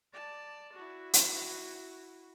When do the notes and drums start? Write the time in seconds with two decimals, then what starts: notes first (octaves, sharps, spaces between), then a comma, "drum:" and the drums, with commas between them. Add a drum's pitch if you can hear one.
0.13 D5 A5
0.74 E4 F#4
1.13 drum: hi-hat